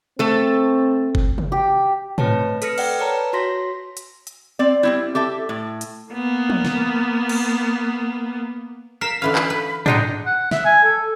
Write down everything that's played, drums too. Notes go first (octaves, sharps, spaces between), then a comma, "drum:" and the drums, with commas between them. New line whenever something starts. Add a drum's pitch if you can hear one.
A3 C4 A4
drum: kick F#1
drum: tom
G4
A3 C4 B4 C#5 A5, drum: tom G#2
A4 B4 F6 A#6 C#7, drum: hi-hat
D5 F#5 G5, drum: cymbal
A#4 B4 C#5 A5 A#5
F#4 C#5 C6 A#6 B6
drum: hi-hat
drum: hi-hat
C4 D5
G3 C4 E4
G4 A4 E5
A2
drum: hi-hat
A#3 B3
drum: tom
drum: snare
drum: cymbal
A#4 F5 B6 E7
D3 E3 C#4 F5 B5
drum: clap
B4
G#3 D4 D#4 C5 D#5 F#5 G5, drum: tom G#2
F#5
E5, drum: snare
G#5
A4